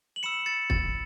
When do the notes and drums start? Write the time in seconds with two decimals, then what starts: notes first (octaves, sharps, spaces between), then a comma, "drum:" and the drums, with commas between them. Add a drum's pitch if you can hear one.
0.16 F#7
0.23 B5 E6 C#7 E7
0.46 A6 C#7
0.70 A6, drum: kick